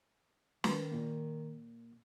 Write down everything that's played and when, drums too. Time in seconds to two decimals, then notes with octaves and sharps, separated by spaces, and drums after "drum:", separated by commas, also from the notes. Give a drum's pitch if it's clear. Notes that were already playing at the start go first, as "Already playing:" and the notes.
0.64 D#3 B4, drum: snare
0.92 A#2 A#3